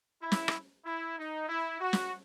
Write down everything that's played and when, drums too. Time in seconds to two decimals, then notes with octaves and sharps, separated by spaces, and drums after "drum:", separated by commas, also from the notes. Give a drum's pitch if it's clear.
0.23 E4
0.32 drum: snare
0.48 drum: rim click
0.85 E4
1.18 D#4
1.49 E4
1.80 F#4
1.93 drum: snare